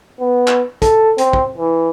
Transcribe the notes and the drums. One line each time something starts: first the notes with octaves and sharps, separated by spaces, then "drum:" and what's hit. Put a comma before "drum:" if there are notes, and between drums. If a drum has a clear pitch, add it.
B3
drum: clap
A4, drum: kick, hi-hat
C4, drum: hi-hat
drum: kick
E3